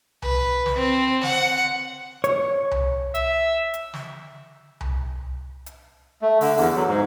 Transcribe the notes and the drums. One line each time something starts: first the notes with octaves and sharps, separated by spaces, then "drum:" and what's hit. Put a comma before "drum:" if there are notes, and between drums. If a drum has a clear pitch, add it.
B4, drum: tom C2
drum: snare
C4
F#5, drum: snare
C#5, drum: hi-hat
drum: tom C2
E5, drum: hi-hat
drum: hi-hat
drum: snare
drum: tom C2
drum: hi-hat
A3
D3, drum: open hi-hat
E2, drum: open hi-hat
F#3
G#2